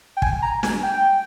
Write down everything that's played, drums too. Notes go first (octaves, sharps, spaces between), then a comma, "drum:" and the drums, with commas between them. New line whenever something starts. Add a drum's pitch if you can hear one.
G5
G#5, drum: kick
A#5
G#5, drum: snare
G5